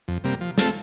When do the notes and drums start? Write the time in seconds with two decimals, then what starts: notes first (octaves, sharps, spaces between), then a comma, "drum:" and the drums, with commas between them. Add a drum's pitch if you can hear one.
0.08 F2
0.24 C3 G3 A#3
0.41 F3
0.58 A3 C4 F4 A4, drum: snare